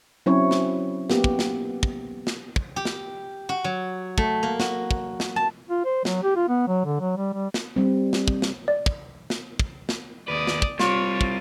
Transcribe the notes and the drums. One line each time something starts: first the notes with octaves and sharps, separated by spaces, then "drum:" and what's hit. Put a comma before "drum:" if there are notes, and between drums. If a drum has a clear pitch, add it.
F#3 C4 C#4 E4 C#5
drum: snare
A#3 B3 G4, drum: snare
drum: kick
drum: snare
drum: kick
drum: snare
drum: kick
G4
drum: snare
F#4
F#3
A3, drum: kick
A#3
F#4, drum: snare
drum: kick
drum: snare
A5
F4
C5
F#3, drum: snare
G4
F4
B3
F#3
D3
F#3
G3
G3
drum: snare
G3 C4
drum: snare
drum: kick
drum: snare
D5
drum: kick
drum: snare
drum: kick
drum: snare
D#2 B4 D5 D#6
drum: snare
drum: kick
G3 C4 F4 C#5, drum: snare
drum: kick